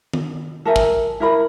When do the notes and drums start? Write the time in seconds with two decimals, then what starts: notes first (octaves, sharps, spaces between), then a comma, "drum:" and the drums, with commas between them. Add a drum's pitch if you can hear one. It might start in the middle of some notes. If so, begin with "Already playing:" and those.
0.13 drum: tom
0.65 A4 A#4 E5 G#5
0.76 drum: kick
1.20 E4 A#4 B5